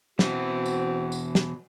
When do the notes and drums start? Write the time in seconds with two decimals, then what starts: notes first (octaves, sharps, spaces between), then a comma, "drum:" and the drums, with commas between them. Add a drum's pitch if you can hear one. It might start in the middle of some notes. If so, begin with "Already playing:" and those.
0.19 B2 E3 C4 F#4, drum: snare
0.66 drum: tambourine
1.12 drum: tambourine
1.35 drum: snare